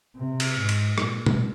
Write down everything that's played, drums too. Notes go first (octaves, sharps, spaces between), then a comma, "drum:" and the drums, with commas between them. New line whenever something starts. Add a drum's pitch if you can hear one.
C3
drum: cymbal
G#2
drum: cymbal
A#2, drum: rim click
drum: tom